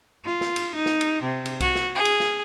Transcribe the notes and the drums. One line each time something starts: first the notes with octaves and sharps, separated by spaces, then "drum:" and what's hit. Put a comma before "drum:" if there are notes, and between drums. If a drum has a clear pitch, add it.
F4
drum: snare
drum: cymbal
D#4
drum: snare
drum: cymbal
C3
drum: cymbal
F#4, drum: kick C2, cymbal
drum: snare
G#4
drum: cymbal
drum: snare